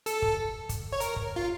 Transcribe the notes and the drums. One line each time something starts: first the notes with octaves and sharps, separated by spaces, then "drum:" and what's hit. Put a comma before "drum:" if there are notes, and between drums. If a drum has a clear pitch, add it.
A4, drum: hi-hat
drum: kick
drum: kick, hi-hat
C#5
A#4, drum: hi-hat
drum: kick
F4